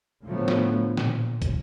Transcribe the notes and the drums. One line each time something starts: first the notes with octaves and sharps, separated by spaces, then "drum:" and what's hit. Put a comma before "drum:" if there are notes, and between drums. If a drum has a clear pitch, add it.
A2 D3 F3 F#3 A3 B3
drum: snare
A#2, drum: snare
drum: kick, hi-hat